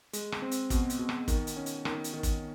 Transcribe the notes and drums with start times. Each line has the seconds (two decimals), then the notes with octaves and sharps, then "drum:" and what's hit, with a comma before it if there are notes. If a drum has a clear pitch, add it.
0.13 G#3, drum: hi-hat
0.32 drum: rim click
0.42 C4
0.51 drum: hi-hat
0.70 B2, drum: kick, hi-hat
0.90 drum: hi-hat
0.99 B2
1.09 drum: rim click
1.28 D#3, drum: kick, hi-hat
1.47 drum: hi-hat
1.56 C#4
1.66 drum: hi-hat
1.85 D#3, drum: rim click
2.04 drum: hi-hat
2.14 D#3
2.23 drum: kick, hi-hat